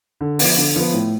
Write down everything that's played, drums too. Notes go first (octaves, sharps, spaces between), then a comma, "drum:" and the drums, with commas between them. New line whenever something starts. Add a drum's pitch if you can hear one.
D3
F3 B3, drum: open hi-hat
D3
F3 B3
A2